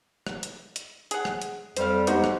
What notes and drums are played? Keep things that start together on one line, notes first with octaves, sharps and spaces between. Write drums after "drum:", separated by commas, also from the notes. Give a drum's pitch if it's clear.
drum: rim click
drum: hi-hat
drum: hi-hat
G#4 F#5, drum: hi-hat
drum: rim click
drum: hi-hat
F2 G3 C5 F5, drum: hi-hat
G#3 B3 D#4 F#4 G4 C5, drum: hi-hat
drum: rim click